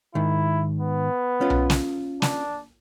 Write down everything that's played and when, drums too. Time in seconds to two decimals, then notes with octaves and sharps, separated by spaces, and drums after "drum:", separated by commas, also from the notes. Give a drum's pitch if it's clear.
0.15 G#2 D#3 E4
0.80 B3
1.41 C#4 F4
1.50 drum: tom B1
1.70 drum: snare
2.22 D4, drum: snare